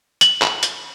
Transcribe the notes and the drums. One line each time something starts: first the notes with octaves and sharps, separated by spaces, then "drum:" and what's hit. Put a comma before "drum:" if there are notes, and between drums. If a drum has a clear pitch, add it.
F#7, drum: hi-hat
drum: clap
drum: hi-hat